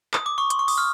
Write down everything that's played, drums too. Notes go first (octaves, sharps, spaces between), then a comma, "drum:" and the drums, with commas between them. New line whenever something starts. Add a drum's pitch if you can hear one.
D#6, drum: clap
D6
C#6
C6, drum: hi-hat
C#6
D#6, drum: open hi-hat
F6